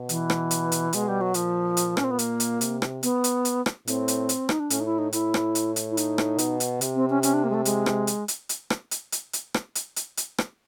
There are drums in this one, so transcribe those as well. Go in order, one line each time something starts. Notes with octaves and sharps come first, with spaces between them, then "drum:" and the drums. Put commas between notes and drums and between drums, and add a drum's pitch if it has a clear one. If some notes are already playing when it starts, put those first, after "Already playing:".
Already playing: B2
E3, drum: hi-hat
drum: rim click
drum: hi-hat
drum: hi-hat
B2 G#3, drum: hi-hat
G3
F#3
A#2 F3, drum: hi-hat
drum: hi-hat
C#4, drum: rim click
C4
B3
A#3, drum: hi-hat
drum: hi-hat
C3, drum: hi-hat
drum: rim click
B3, drum: hi-hat
drum: hi-hat
drum: hi-hat
drum: rim click
A2 C4, drum: hi-hat
drum: hi-hat
drum: hi-hat
D#4, drum: rim click
D4
A2 C#4, drum: hi-hat
D#4
E4
D#4
A2 E4, drum: hi-hat
drum: rim click
drum: hi-hat
drum: hi-hat
E4
D#4, drum: hi-hat
drum: rim click
B2, drum: hi-hat
drum: hi-hat
C3, drum: hi-hat
C4
C#4
C#4, drum: hi-hat
D4
A#3
G#3
A3
G#3, drum: hi-hat
drum: rim click
drum: hi-hat
drum: hi-hat
drum: hi-hat
drum: rim click
drum: hi-hat
drum: hi-hat
drum: hi-hat
drum: rim click
drum: hi-hat
drum: hi-hat
drum: hi-hat
drum: rim click